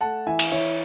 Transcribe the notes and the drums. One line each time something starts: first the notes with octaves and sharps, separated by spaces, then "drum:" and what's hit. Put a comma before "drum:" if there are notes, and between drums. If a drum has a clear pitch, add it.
A3 F#5 A5
E3 E5 G#5
drum: cymbal
E3 C#5 E5